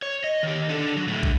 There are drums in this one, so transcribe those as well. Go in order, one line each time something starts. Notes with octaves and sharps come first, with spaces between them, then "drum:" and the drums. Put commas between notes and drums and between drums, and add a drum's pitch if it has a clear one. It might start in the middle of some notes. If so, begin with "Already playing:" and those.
C#5
D#5
D#3 G4
D4 A4
F#3
A2 D3
drum: kick